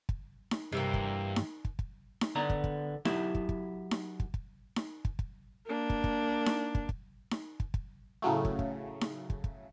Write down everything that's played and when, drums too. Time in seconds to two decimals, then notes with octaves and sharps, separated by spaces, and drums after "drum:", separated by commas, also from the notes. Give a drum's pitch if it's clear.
0.09 drum: kick
0.51 drum: snare D#4
0.72 G2 C3 E3 A#3
0.94 drum: kick
1.36 drum: snare D#4
1.65 drum: kick
1.79 drum: kick
2.21 drum: snare D#4
2.35 D3 B3 D5 A#5
2.50 drum: kick
2.64 drum: kick
3.05 F#3 E4 G4 E5, drum: snare D#4
3.35 drum: kick
3.49 drum: kick
3.91 drum: snare D#4
4.20 drum: kick
4.34 drum: kick
4.76 drum: snare D#4
5.05 drum: kick
5.19 drum: kick
5.66 A#3 D4
5.90 drum: kick
6.04 drum: kick
6.46 drum: snare D#4
6.75 drum: kick
6.89 drum: kick
7.31 drum: snare D#4
7.60 drum: kick
7.74 drum: kick
8.22 A2 C#3 F#3 A3
8.45 drum: kick
8.59 drum: kick
9.01 drum: snare D#4
9.30 drum: kick
9.44 drum: kick